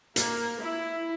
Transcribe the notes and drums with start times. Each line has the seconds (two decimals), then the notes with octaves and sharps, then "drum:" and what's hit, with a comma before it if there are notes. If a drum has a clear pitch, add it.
0.16 A#3, drum: hi-hat
0.61 E4